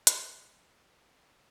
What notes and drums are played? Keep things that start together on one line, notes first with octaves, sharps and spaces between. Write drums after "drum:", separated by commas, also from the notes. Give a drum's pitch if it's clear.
G5 F6, drum: hi-hat